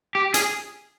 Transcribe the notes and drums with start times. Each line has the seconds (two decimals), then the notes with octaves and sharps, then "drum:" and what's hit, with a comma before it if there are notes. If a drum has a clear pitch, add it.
0.15 G4
0.34 G#4, drum: hi-hat